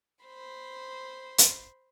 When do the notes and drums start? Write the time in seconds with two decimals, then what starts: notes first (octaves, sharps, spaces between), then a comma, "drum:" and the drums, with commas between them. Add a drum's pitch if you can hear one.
0.24 C5 B5 C6
1.38 drum: hi-hat